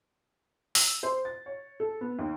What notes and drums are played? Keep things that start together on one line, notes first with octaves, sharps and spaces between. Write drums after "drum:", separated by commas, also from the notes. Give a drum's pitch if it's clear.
E6, drum: open hi-hat
C5
A6
C#5
A4
B3
D#2